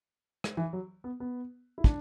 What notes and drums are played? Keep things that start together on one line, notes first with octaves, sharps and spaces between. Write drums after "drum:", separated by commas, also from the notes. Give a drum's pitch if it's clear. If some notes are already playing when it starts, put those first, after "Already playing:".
drum: rim click
E3
F#3
B3
B3
E4
D4, drum: kick